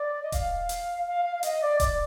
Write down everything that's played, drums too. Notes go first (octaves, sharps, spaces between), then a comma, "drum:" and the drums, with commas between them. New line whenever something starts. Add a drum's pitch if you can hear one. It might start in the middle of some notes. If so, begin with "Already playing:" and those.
Already playing: D5
D#5
F5, drum: kick D#1, hi-hat
drum: hi-hat
F5
F5
F5
D#5, drum: hi-hat
D5
D5, drum: kick D#1, hi-hat